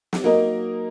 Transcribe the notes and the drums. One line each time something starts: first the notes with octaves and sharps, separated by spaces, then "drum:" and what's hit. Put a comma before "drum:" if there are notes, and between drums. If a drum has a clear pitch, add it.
drum: snare
F#3 A#3 D#4 A#4 D#5